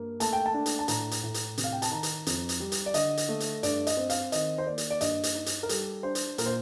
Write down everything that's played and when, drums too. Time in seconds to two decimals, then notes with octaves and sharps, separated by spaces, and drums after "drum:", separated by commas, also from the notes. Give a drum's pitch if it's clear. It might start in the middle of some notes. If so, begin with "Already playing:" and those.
Already playing: G2 A#3
0.20 A3 A5, drum: hi-hat
0.33 G5
0.46 A5
0.54 D4
0.66 drum: hi-hat
0.79 A5
0.88 A2 A#5, drum: hi-hat
1.11 drum: hi-hat
1.23 A2
1.34 drum: hi-hat
1.58 C3, drum: hi-hat
1.64 F5
1.73 G5
1.82 A5, drum: hi-hat
1.91 D#3 A#5
2.03 drum: hi-hat
2.26 F2, drum: hi-hat
2.49 drum: hi-hat
2.60 G3
2.72 drum: hi-hat
2.86 D5
2.94 D3 D#5, drum: hi-hat
3.17 drum: hi-hat
3.29 A3
3.40 drum: hi-hat
3.63 G2 D5, drum: hi-hat
3.87 D#5, drum: hi-hat
3.97 C4
4.10 F5, drum: hi-hat
4.32 D#3 D#5, drum: hi-hat
4.58 C5
4.67 A#3 D5
4.78 drum: hi-hat
4.90 D5
5.01 G2 D#5, drum: hi-hat
5.23 drum: hi-hat
5.35 D#4
5.46 drum: hi-hat
5.63 A#4
5.69 G3 A4, drum: hi-hat
6.03 D4 C5
6.15 drum: hi-hat
6.38 A#2 A#4, drum: hi-hat
6.46 C5